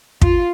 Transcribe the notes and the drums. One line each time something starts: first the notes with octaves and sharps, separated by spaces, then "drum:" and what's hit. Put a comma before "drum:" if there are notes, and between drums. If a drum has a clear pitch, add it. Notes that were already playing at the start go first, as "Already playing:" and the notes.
F4, drum: kick